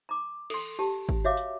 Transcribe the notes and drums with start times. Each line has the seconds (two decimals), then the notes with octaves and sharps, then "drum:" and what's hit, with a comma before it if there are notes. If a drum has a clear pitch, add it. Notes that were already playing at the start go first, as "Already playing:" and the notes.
0.09 A#5 D6
0.50 A4 C6, drum: cymbal
0.79 G4 A5
1.09 drum: kick
1.24 F#4 C#5 E5 F5 D6
1.37 drum: hi-hat